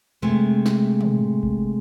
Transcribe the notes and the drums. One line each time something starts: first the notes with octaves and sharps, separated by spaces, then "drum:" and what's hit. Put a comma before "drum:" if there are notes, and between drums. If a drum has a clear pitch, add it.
C3 G#3 A3
drum: snare
drum: tom
drum: kick G#1